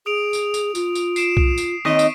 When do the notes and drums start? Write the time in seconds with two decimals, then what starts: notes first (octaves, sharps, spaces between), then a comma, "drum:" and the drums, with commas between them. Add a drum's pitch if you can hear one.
0.06 G#4 D#6 D7 F7
0.33 drum: tambourine
0.54 drum: tambourine
0.75 F4, drum: tambourine
0.95 drum: tambourine
1.16 C7 D7 E7, drum: tambourine
1.37 drum: kick B1
1.58 drum: tambourine
1.85 D#2 C4 D#5 C#6 B6 D#7
1.99 drum: tambourine